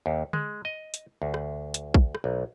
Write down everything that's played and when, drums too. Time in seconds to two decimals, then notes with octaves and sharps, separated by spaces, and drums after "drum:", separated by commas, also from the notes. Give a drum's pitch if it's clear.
0.06 D#2
0.33 G#3, drum: tom D3
0.65 D#5
0.94 drum: hi-hat
1.22 D2
1.34 drum: rim click
1.74 drum: hi-hat
1.94 drum: kick A#1
2.15 drum: rim click
2.24 B1